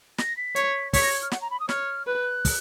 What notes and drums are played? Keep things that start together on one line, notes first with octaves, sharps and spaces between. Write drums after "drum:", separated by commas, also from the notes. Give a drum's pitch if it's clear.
A#6, drum: snare
B6
C#5, drum: hi-hat
C#5 B6, drum: kick, open hi-hat
A#6
G#6
F6
F#5, drum: snare
A#5
B5
D#6
C#5 F6, drum: snare
B4 F#6
drum: kick, open hi-hat